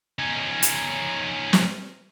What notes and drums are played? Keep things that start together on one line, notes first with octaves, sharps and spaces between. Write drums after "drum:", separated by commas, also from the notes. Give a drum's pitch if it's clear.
C#4 D#4
drum: hi-hat
drum: snare